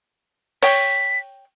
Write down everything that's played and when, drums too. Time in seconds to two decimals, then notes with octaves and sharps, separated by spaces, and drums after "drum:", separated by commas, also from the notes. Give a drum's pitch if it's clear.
0.63 C#5 G5 B6, drum: open hi-hat